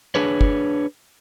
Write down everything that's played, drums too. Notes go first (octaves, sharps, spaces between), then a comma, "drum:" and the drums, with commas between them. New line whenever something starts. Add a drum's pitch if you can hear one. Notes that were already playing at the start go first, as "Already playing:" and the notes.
D4 G#4 B4 C#5
drum: kick